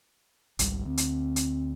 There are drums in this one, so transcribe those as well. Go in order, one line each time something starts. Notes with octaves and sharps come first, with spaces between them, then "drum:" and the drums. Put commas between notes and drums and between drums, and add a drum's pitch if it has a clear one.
G#1 C#2 G3, drum: hi-hat
D2 C4
drum: hi-hat
drum: hi-hat